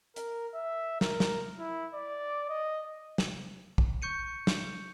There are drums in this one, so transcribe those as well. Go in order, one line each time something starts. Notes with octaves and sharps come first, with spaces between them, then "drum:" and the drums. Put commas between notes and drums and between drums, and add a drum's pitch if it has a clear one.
A#4, drum: hi-hat
E5
A#4, drum: snare
drum: snare
E4
D5
D#5
drum: snare
drum: kick
C#6 G6 C#7 D#7
drum: snare